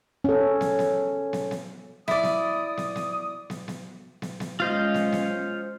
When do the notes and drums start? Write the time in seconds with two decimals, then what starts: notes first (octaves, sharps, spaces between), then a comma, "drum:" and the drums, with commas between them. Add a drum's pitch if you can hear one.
0.24 C#4 A4
0.61 drum: snare
0.79 drum: snare
1.33 drum: snare
1.51 drum: snare
2.08 E4 D5 D#6, drum: snare
2.23 drum: snare
2.77 drum: snare
2.96 drum: snare
3.50 drum: snare
3.68 drum: snare
4.22 drum: snare
4.40 drum: snare
4.60 G#3 C#4 F4 C5 D#5
4.94 drum: snare
5.12 drum: snare